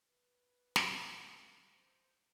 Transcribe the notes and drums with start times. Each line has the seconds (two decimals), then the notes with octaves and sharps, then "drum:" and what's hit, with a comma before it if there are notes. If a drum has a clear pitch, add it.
0.05 B4
0.76 F5, drum: snare
1.74 C5